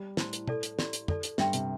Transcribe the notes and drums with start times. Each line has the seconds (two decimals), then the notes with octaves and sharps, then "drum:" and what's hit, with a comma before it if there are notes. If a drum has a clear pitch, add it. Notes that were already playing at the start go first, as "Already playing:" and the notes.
Already playing: G3
0.17 A2 E4 C5 A5 C6, drum: snare
0.33 drum: hi-hat
0.48 A4 D5 A5, drum: tom
0.63 drum: hi-hat
0.79 E4 G4 D5 C6, drum: snare
0.93 drum: hi-hat
1.08 A4 D5 A5, drum: tom
1.23 drum: hi-hat
1.38 G2 G4 E5 G5 C6, drum: snare
1.53 C3, drum: hi-hat